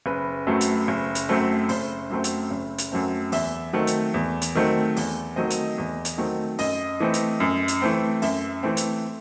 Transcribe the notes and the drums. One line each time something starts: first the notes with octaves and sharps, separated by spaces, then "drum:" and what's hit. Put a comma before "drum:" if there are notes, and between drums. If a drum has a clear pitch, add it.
F#1 B4
F#2 F#3 A3 C4
drum: hi-hat
F#1
drum: hi-hat
F#2 F#3 A3 C4
F#1 C5, drum: open hi-hat
F#2 F#3 A3 C4
drum: hi-hat
F#1
drum: hi-hat
F#2 F#3 A3 C4
E2 E5, drum: open hi-hat
D#3 F#3 A3 C4
drum: hi-hat
E2
drum: hi-hat
D#3 F#3 A3 C4
E2, drum: open hi-hat
D#3 F#3 A3 C4 D#5
drum: hi-hat
E2
drum: hi-hat
D#3 F#3 A3 C4
F#2 D#5, drum: open hi-hat
E3 A3 C4
drum: hi-hat
F#2
drum: hi-hat
E3 A3 C4
F#2 E5, drum: open hi-hat
E3 A3 C4
drum: hi-hat